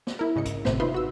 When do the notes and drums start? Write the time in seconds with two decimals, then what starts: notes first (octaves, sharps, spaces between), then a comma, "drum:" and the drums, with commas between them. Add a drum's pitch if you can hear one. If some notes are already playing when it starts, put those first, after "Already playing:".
0.07 drum: snare
0.19 E4 A#4
0.36 G#2 C#3 D#5 C#7
0.46 drum: kick, hi-hat
0.65 G#1 A2 C3 C5 E5, drum: snare
0.80 D#4 F4 B4 E5 B5 C6
0.94 F#4 E6